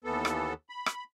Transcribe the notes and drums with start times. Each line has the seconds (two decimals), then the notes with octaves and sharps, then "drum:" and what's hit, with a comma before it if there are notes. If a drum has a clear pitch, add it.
0.04 D#2 E3 B3 A4
0.25 drum: rim click
0.69 B5
0.86 drum: rim click